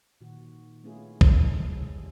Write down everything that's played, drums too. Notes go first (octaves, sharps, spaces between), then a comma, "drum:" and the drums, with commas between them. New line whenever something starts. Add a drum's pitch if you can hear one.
A#2 D#3 F#4
A3 B3 C#4 E4 F4 G#4
A4 C5, drum: kick
F#3 G#3 D#5
D#3 G3